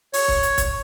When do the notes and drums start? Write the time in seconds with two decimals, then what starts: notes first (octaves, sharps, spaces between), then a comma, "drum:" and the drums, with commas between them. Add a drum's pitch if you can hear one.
0.13 C#5, drum: open hi-hat
0.28 drum: kick
0.43 drum: hi-hat
0.58 drum: kick, hi-hat